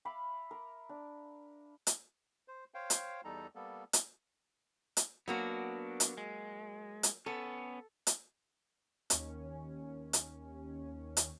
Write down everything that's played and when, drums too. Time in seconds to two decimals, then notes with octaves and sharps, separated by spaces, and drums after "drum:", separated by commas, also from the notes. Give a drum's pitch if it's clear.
0.05 E5 F5 B5 D6
0.51 A#4
0.89 D4
1.87 drum: hi-hat
2.48 C5
2.74 C5 C#5 F5 G5
2.90 drum: hi-hat
3.25 E2 G3 D#4 A4 A#5
3.55 G3 A#3 B3 A4
3.93 drum: hi-hat
4.97 drum: hi-hat
5.28 F#3 A#3 B3 D4 F#4
6.00 drum: hi-hat
6.17 G#3
7.03 drum: hi-hat
7.26 B3 C#4 A4
8.07 drum: hi-hat
9.10 D#2 C#4, drum: hi-hat
10.13 drum: hi-hat
11.17 drum: hi-hat